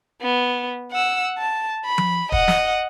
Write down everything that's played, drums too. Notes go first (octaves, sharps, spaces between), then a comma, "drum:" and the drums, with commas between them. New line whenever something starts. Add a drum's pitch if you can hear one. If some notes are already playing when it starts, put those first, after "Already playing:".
B3
F#5 E6
A5
B5
drum: tom F3
D#5 F#5, drum: kick
drum: snare